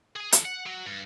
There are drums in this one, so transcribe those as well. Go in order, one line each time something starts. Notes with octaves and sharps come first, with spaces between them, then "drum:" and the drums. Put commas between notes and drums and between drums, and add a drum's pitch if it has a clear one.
G#4 G#5
E3 A4, drum: hi-hat
F#5
F#3
G2